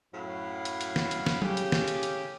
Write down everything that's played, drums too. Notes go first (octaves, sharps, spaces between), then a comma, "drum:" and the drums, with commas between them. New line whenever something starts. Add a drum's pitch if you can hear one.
F#2 A2 F#3 F5 F#5 B5
drum: hi-hat
drum: hi-hat
drum: snare
drum: hi-hat
drum: snare
A2 C#3 C#4 G4, drum: tom
drum: hi-hat
drum: snare
drum: hi-hat
drum: hi-hat